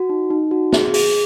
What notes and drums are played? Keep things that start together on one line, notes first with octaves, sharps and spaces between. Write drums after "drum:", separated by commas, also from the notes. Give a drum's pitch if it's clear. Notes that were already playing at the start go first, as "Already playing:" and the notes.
Already playing: F#4
D#4
D#4
F#4
G#4, drum: snare
G#4, drum: open hi-hat